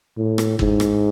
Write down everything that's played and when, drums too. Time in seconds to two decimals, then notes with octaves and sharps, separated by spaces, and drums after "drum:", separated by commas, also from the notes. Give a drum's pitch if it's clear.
0.17 A2
0.38 drum: rim click
0.59 G#2, drum: kick G1
0.80 drum: rim click